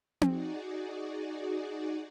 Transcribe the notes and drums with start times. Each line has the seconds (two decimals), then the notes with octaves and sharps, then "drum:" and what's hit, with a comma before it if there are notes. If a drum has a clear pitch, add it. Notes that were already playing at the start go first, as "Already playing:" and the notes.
0.21 D#4 F#4 G#4 D5, drum: tom C4